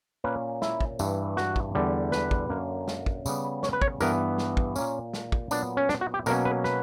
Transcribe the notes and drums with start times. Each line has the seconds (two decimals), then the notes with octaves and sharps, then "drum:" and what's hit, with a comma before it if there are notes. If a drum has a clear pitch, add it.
0.24 A#2 A#3 C#4 B4
0.62 E4, drum: snare
0.81 drum: kick
0.99 G2 E3 G3, drum: tambourine
1.37 F#4, drum: snare
1.56 drum: kick
1.75 E2 D3 G3
2.12 B4, drum: snare
2.31 drum: kick
2.50 F#2 D3 A#3 C#4
2.88 drum: snare
3.06 drum: kick
3.26 C#3 G3 B3, drum: tambourine
3.63 C#5, drum: snare
3.73 B4
3.82 C#5, drum: kick
4.00 G2 E3 B3 A#4, drum: tambourine
4.38 drum: snare
4.57 drum: kick
4.76 A#2 A#3 C#4, drum: tambourine
5.13 drum: snare
5.32 drum: kick
5.51 A#2 F#3 B3 D4, drum: tambourine
5.77 C#4
5.89 D4, drum: snare
6.01 F#4
6.14 G4
6.26 B2 F#3 A#3 C#4 A#4, drum: tambourine
6.45 B4
6.64 B4, drum: snare